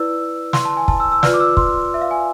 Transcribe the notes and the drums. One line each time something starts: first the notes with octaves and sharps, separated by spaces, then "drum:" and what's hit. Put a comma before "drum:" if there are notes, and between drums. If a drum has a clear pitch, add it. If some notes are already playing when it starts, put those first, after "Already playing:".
Already playing: E4 B4 D5 E6
C6, drum: snare
A5
G#5
A5, drum: kick
E6
E6
F4 B4 D5 F6, drum: snare
D6
E6
C6, drum: kick
E5
F5
G#5